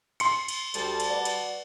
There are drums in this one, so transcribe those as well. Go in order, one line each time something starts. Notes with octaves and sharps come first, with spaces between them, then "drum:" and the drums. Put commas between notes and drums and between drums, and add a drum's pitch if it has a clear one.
C6 C#7, drum: cymbal
drum: cymbal
D2 G3 A5, drum: cymbal
drum: cymbal
F#4 B4 D5
drum: cymbal